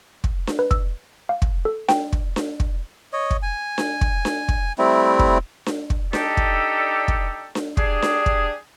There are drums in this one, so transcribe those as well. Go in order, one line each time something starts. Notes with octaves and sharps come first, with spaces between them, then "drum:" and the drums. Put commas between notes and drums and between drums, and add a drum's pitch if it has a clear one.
drum: kick
drum: snare D4
B4
E6, drum: kick
F5
drum: kick
A4
G5, drum: snare D4
drum: kick
drum: snare D4
drum: kick
C#5 D#5
drum: kick
G#5
drum: snare D4
drum: kick
drum: snare D4
drum: kick
G3 A3 C4 E4
drum: kick
drum: snare D4
drum: kick
D4 D#4 G4 A4, drum: snare D4
drum: kick
drum: kick
drum: snare D4
D4 G4 G#4, drum: kick
drum: snare D4
drum: kick